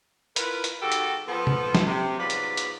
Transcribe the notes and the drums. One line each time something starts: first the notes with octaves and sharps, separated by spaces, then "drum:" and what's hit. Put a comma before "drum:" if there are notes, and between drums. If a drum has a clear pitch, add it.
E4 F4 A#4 B4, drum: hi-hat
drum: hi-hat
G#2 D#3 F#4 G4 A4
drum: hi-hat
F3 B3 A4
drum: tom C3
drum: snare
C3
G#2 F#3 B3 F4 D5 B5
drum: hi-hat
drum: hi-hat